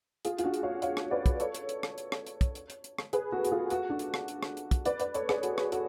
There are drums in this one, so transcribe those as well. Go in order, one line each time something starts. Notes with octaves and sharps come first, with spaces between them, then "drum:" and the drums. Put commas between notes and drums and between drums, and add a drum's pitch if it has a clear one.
F4 G#4, drum: hi-hat
F4, drum: hi-hat
D4 F#4
drum: hi-hat
C#5 F5
C#5 F5, drum: hi-hat
drum: rim click
B4 D5
drum: kick, hi-hat
A4 C#5, drum: hi-hat
drum: hi-hat
drum: hi-hat
drum: rim click
drum: hi-hat
drum: rim click
drum: hi-hat
drum: kick, hi-hat
drum: hi-hat
drum: hi-hat
drum: hi-hat
drum: rim click
G#4 B4, drum: hi-hat
F#4 A4
F#4, drum: hi-hat
F4 G#4
F#4 A4, drum: hi-hat
D4 F#4
drum: hi-hat
drum: rim click
drum: hi-hat
drum: rim click
drum: hi-hat
drum: kick, hi-hat
B4 D5, drum: hi-hat
B4 D5, drum: hi-hat
A4 C#5, drum: hi-hat
G#4 B4, drum: rim click
F#4 A4, drum: hi-hat
drum: rim click
F#4 A4, drum: hi-hat